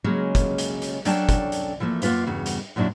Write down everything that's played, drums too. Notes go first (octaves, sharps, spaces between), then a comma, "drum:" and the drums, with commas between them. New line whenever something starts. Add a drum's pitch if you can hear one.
C#3 F#3 G#3 A#3 C#4
drum: kick, hi-hat
drum: hi-hat
drum: hi-hat
F#3 C#4 D4 A4 G5 A5, drum: hi-hat
drum: kick, hi-hat
drum: hi-hat
E3 F3 A3 A#3
F#2 A#3 F4 B4 F5, drum: hi-hat
E2 G2 C#3 F#4
drum: hi-hat
F#2 A#2 F#3 D4 E4